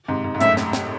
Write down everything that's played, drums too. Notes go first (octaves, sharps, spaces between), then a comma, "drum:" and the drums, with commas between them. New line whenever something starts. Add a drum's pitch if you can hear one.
G#2 C3
G#2
G#2
F#2 A2 E5, drum: hi-hat
drum: snare
drum: snare